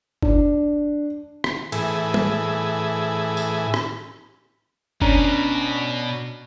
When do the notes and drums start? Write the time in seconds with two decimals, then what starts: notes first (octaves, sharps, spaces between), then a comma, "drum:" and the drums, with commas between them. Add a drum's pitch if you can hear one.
0.22 D4, drum: kick F#1
1.44 drum: rim click
1.72 A2 E3 G#4, drum: cymbal
2.14 drum: tom
3.37 drum: tambourine
3.74 drum: rim click
5.02 B2 C#4 D4 A#5, drum: kick F#1